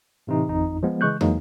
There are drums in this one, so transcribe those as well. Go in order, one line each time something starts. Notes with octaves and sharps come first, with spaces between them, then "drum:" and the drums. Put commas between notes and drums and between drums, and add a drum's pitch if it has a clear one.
A2 C3 E3 D#4
G#1 F2 D#4
F3 G#3 B3
C#3 E3 G#3 C#6 F#6 G6
E3 F#3 G#3 A#3 D#4, drum: tom